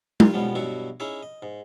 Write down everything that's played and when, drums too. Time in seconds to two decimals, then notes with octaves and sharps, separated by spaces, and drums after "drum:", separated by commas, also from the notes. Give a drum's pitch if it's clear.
0.20 G3 F4, drum: tom G#3
0.34 F2 B2 F3 G3 B3 C#4
0.55 G2 B2 F#3 E4 F#4 C#6
1.00 C#4 D#4 E4 G#4 C#5 E5
1.23 D#5
1.42 G#2